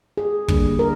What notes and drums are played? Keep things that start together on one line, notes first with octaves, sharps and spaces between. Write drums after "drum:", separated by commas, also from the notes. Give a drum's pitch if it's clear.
G#4
D3 G3 A#3, drum: kick
A#4